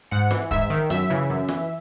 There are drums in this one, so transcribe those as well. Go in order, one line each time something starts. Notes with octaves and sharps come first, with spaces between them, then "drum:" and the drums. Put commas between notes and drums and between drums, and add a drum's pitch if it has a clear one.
G#2 F#5
E3, drum: snare
G#2 E5, drum: kick
D#3
F#2 E5, drum: snare
C#3 E3
F#2
E3, drum: snare